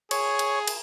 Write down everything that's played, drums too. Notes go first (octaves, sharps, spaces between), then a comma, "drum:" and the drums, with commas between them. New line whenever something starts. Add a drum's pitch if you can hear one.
G#4 C#5, drum: cymbal
drum: cymbal
drum: cymbal